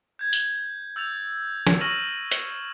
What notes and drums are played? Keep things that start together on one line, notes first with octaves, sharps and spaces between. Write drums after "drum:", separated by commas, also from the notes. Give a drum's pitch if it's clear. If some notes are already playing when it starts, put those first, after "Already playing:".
G6 G#6
drum: tambourine
E6 G6 A6 F7
drum: snare
C#6 F6 A#6 D#7 E7 F#7
drum: hi-hat